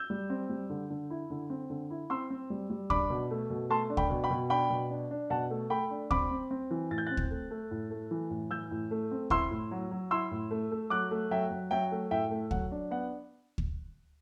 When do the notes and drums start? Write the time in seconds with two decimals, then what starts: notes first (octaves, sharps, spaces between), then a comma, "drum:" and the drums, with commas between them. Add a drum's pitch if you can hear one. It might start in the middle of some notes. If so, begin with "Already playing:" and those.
Already playing: E6 G6
0.10 G3
0.30 C4
0.49 G3
0.70 D3
0.90 D3
1.10 E4
1.30 D3
1.50 C4
1.70 D3
1.90 E4
2.10 C4 C6 E6
2.30 C4
2.50 G3
2.70 G3
2.90 D4 B5 D6, drum: kick D2
3.10 B2
3.31 A3
3.50 B2
3.70 A3 A5 C6
3.90 D4
3.97 G5 B5, drum: kick D2
4.10 B2
4.24 G5 B5
4.30 B2
4.50 D4 G5 B5
4.70 B2
4.91 D4
5.11 D4
5.30 B2 F#5 A5
5.50 A3
5.70 A3 G5 B5
5.91 D4
6.11 C4 B5 D6, drum: kick D2
6.31 C4
6.51 C4
6.71 E3
6.91 A2 A6
6.98 G6
7.07 C4 F#6 A6
7.17 drum: kick D2
7.31 A3
7.51 A3
7.71 A2
7.91 A3
8.11 E3
8.30 A2
8.51 E3 E6 G6
8.71 A2
8.91 A3
9.11 C4
9.30 E4 C6 E6, drum: kick D2
9.51 A2
9.71 F#3
9.91 F#3
10.11 E4 C6 E6
10.31 A2
10.51 A3
10.72 A3
10.90 F#3 D6 F#6
11.11 A3
11.31 F#3 E5 G5
11.51 F#3
11.71 F#3 E5 G5
11.92 A3
12.11 A2 E5 G5
12.31 A3
12.51 F#3 F#5, drum: kick D2
12.72 D4
12.91 B3 F#5
13.58 drum: kick D2